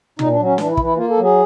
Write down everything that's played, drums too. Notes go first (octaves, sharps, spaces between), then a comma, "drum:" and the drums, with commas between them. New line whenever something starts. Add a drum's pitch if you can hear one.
A#2 D#4, drum: tom
D4
F#3
C#4
E3 D4, drum: snare
E4
E3, drum: kick
E4
A#3 F4
A4
F#3
G#4